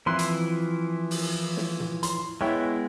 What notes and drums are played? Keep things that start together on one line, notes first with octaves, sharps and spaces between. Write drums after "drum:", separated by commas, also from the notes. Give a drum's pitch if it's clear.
E3 F3 C4 E4 C6 F#6
drum: hi-hat
drum: open hi-hat
drum: snare
drum: tom
C6, drum: hi-hat
G#3 B3 E4 C#5 G5